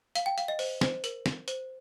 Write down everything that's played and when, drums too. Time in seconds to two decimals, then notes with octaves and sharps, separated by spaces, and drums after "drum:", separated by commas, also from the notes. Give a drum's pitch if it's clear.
0.15 F5, drum: hi-hat
0.26 G5
0.38 F5, drum: hi-hat
0.48 D#5
0.59 C5, drum: open hi-hat
0.81 C5, drum: snare
1.04 A#4, drum: hi-hat
1.26 drum: snare
1.48 C5, drum: hi-hat